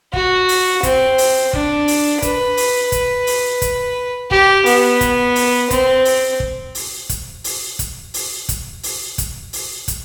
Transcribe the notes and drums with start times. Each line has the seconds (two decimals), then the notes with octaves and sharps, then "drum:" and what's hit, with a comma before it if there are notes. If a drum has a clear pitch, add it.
0.13 F#4, drum: kick
0.49 drum: open hi-hat
0.83 C4, drum: kick, hi-hat
1.18 drum: open hi-hat
1.53 D4, drum: kick
1.88 drum: open hi-hat
2.22 B4, drum: kick, hi-hat
2.57 drum: open hi-hat
2.92 drum: kick, hi-hat
3.27 drum: open hi-hat
3.62 drum: kick, hi-hat
4.31 G4, drum: kick
4.66 B3, drum: open hi-hat
5.01 drum: kick, hi-hat
5.36 drum: open hi-hat
5.71 C4, drum: kick, hi-hat
6.05 drum: open hi-hat
6.40 drum: kick
6.75 drum: open hi-hat
7.09 drum: kick, hi-hat
7.44 drum: open hi-hat
7.79 drum: kick, hi-hat
8.14 drum: open hi-hat
8.49 drum: kick, hi-hat
8.83 drum: open hi-hat
9.18 drum: kick, hi-hat
9.53 drum: open hi-hat
9.88 drum: kick, hi-hat